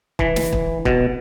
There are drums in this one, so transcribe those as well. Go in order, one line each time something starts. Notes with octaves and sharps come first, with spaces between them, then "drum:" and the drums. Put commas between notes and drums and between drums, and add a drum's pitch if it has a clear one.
E3, drum: kick
drum: snare
drum: kick
B2, drum: kick